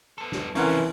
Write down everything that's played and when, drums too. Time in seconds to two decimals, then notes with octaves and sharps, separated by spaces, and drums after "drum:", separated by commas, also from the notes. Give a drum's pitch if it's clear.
0.18 B3 A4
0.32 drum: snare
0.55 C2 C#3 E3 F3 C#4 A#4 F#5, drum: open hi-hat